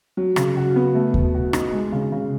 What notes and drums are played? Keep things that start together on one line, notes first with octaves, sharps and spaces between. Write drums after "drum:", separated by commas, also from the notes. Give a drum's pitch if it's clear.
F#3
C#3, drum: rim click
F#4
B3
A3
B2, drum: kick D#2
F#4
D#4, drum: rim click
G#3
C#3
C#3